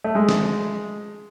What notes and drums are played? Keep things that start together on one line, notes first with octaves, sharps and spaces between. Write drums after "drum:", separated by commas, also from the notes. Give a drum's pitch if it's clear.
A3
G#3
drum: snare